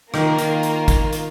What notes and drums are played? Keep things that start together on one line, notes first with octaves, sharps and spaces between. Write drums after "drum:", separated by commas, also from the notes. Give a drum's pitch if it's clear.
D#3 A#3 F4 A#4, drum: rim click
D#3, drum: hi-hat
drum: hi-hat
drum: kick, hi-hat
drum: hi-hat